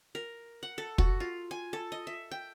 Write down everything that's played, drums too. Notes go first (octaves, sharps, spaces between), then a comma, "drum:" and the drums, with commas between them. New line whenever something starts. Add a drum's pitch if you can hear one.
A#4
F#5
A4
F#4, drum: kick
F4
G#5
A4
D#5
E5
G5